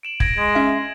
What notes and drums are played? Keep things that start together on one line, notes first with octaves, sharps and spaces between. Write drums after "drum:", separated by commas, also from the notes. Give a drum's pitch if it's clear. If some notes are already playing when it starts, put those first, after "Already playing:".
D7 E7 F#7
G#6 A#6 D7, drum: kick
G#3 G#6 A#6
C#4 E5